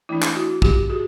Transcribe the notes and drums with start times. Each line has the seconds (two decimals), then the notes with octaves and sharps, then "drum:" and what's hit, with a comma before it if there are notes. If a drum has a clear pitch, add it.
0.09 E3 A3 D4 E4
0.22 drum: clap
0.36 E4 F#4
0.62 F4 G4, drum: kick
0.90 F#4 G#4